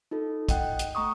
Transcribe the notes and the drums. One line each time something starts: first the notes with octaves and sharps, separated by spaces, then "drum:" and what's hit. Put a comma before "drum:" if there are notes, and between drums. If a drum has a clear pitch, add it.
D#4 F4 A4
D#5 F#5 G5 F#6, drum: kick, hi-hat
drum: hi-hat
A3 A#5 C#6 D#6